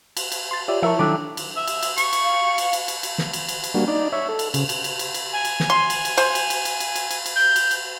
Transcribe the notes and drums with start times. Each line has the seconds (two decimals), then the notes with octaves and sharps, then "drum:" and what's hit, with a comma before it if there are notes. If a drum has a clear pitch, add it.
0.17 drum: cymbal
0.32 drum: cymbal
0.51 C6 A6
0.68 F4 G4 C#5 D5 E5
0.82 F3 E4 A#4 E5 A5 C#6
0.99 D#3 F#3 D4 A4 E5 G5 D6
1.37 drum: cymbal
1.56 E5
1.67 drum: cymbal
1.83 drum: cymbal
1.98 C#6, drum: cymbal
2.13 drum: cymbal
2.23 F5
2.58 drum: cymbal
2.73 drum: cymbal
2.88 drum: cymbal
3.03 drum: cymbal
3.18 drum: snare
3.33 drum: cymbal
3.48 drum: cymbal
3.64 drum: cymbal
3.75 G3 A#3 D4 F#4
3.88 D#4 D5
4.12 C#5 E5
4.29 A4
4.39 drum: cymbal
4.54 C#3, drum: cymbal
4.69 drum: cymbal
4.84 drum: cymbal
4.99 drum: cymbal
5.14 drum: cymbal
5.33 G#5
5.45 drum: cymbal
5.60 drum: snare
5.70 C6
5.90 drum: cymbal
6.05 drum: cymbal
6.17 C5, drum: cymbal
6.35 drum: cymbal
6.50 drum: cymbal
6.65 drum: cymbal
6.80 drum: cymbal
6.95 drum: cymbal
7.11 drum: cymbal
7.26 drum: cymbal
7.36 G6
7.56 drum: cymbal
7.71 drum: cymbal